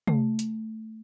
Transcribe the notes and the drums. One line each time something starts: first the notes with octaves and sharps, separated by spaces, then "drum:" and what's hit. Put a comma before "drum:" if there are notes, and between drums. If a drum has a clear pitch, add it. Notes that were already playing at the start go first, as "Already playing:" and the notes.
A3, drum: tom C3
drum: hi-hat